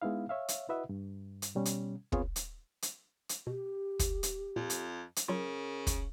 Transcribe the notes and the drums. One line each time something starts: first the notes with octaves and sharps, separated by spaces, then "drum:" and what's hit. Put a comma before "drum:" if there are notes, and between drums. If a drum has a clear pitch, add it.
G#3 B3 D#4 E4 F5
C#5 E5 F5
drum: hi-hat
E4 F#4 B4 D#5 E5 F#5
G2
drum: hi-hat
B2 G3 C#4
drum: hi-hat
B3 C4 F4 G#4 B4 C#5, drum: kick
drum: hi-hat
drum: hi-hat
drum: hi-hat
B2 G4
drum: kick, hi-hat
drum: hi-hat
F2 A#2
drum: hi-hat
drum: hi-hat
C#3 F#3 F4 A#4
drum: kick, hi-hat